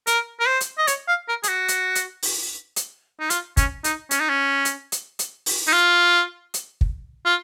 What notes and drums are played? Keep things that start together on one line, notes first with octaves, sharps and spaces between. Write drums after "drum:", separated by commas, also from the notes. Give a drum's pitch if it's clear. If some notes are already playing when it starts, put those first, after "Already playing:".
A#4, drum: hi-hat
A#4
C5
drum: hi-hat
D#5
C#5, drum: hi-hat
F5
A#4
G#4, drum: hi-hat
F#4
drum: hi-hat
drum: hi-hat
drum: open hi-hat
drum: hi-hat
D#4
F4, drum: hi-hat
C#4, drum: kick, hi-hat
D#4, drum: hi-hat
C#4, drum: hi-hat
D#4
C#4
drum: hi-hat
drum: hi-hat
drum: hi-hat
drum: open hi-hat
D#4
F4
drum: hi-hat
drum: kick
F4